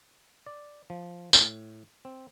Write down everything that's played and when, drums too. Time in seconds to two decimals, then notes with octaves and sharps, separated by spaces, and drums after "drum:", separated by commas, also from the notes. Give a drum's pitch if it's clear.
0.46 D5
0.90 F3
1.33 A2, drum: tambourine
2.05 C4